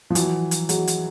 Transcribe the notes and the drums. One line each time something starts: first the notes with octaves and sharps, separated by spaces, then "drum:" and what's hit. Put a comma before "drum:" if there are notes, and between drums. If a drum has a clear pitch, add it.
F3
E3 F#3, drum: hi-hat
drum: hi-hat
F#3 G#3, drum: hi-hat
drum: hi-hat